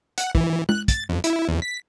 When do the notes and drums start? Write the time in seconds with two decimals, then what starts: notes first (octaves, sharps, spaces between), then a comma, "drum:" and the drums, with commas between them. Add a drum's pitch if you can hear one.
0.18 F#5, drum: hi-hat
0.35 E3, drum: kick
0.69 F#6, drum: tom G#3
0.88 A6, drum: kick, hi-hat
1.09 F2
1.24 E4, drum: hi-hat
1.49 E2
1.62 B6